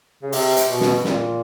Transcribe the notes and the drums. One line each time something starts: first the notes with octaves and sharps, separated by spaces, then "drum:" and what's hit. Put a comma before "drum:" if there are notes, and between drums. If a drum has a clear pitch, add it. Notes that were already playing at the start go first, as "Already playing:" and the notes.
C#3
C3, drum: open hi-hat
drum: hi-hat
B2
drum: snare
A#2, drum: snare